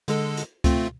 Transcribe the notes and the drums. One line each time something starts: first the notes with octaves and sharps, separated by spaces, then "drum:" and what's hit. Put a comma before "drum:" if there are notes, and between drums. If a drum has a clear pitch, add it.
D3 G#3 A4, drum: hi-hat
drum: hi-hat
A3 C4 F4, drum: kick C#2, hi-hat